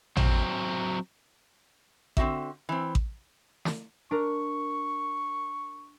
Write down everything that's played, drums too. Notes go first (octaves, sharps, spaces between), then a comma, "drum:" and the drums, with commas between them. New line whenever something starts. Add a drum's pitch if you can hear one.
F#3 C4, drum: tom
D3 C4 F#4 G4 E5, drum: kick A1
E3 C4
drum: kick A1
drum: snare
D4 A#4 C#6